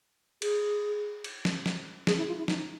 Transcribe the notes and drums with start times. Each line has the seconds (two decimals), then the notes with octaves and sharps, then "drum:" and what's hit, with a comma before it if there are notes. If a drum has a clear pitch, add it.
0.42 G#4, drum: cymbal
1.24 drum: cymbal
1.45 drum: snare
1.66 drum: snare
2.07 G#4, drum: snare
2.17 E4
2.28 F4
2.38 E4
2.48 D#4, drum: snare